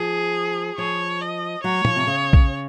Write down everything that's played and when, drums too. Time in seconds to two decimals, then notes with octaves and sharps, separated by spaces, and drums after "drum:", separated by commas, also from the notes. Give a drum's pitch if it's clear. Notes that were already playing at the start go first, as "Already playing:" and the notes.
Already playing: F3 G#4
0.78 F3 C#5
1.22 D#5
1.64 F#3 C#5
1.85 F3, drum: tom
1.96 C3
2.07 C#3
2.33 drum: kick A#1